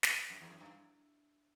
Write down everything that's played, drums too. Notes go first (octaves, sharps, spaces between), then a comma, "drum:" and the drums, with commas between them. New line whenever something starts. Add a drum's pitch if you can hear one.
drum: snare
F#2
E2
F#2
G2